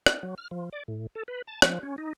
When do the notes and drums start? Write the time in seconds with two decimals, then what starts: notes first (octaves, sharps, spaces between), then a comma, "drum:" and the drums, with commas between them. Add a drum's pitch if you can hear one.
0.06 drum: rim click
0.23 F#3
0.38 F6
0.51 F3
0.73 D5
0.88 A2
1.15 A4
1.28 B4
1.47 A5
1.62 F3, drum: rim click
1.83 C#4
1.98 D#4